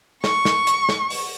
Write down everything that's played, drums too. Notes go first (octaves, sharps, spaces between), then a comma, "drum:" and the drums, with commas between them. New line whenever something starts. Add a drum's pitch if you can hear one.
C#6, drum: snare
drum: snare
drum: hi-hat
drum: snare
drum: open hi-hat